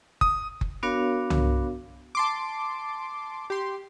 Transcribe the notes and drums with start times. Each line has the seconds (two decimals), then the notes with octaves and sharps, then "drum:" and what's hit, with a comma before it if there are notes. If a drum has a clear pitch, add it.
0.21 D#6, drum: kick F#1
0.61 drum: kick F#1
0.83 B3 D4 F#4 A#4 C#5 F5
1.30 drum: tom C2
2.15 A5 C6 D6
3.50 G4 C6